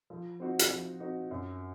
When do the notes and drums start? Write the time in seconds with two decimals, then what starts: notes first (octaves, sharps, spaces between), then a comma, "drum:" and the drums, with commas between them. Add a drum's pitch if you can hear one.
0.10 F3
0.40 C4 D#4 F#4
0.59 drum: hi-hat
0.70 F3
1.00 C4 D#4 F#4
1.31 F#2